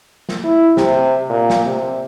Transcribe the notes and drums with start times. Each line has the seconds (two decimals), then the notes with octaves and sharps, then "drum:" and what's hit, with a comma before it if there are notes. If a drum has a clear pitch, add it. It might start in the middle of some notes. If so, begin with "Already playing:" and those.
0.29 drum: snare
0.44 E4
0.77 C3, drum: snare
1.29 A#2
1.50 drum: snare
1.66 C3